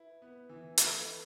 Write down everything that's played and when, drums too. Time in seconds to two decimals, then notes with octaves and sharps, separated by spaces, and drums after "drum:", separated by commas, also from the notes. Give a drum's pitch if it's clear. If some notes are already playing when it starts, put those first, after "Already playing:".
Already playing: E4 B4
0.22 B3 B4
0.49 E3 B4
0.78 A4 E5, drum: hi-hat
1.06 B4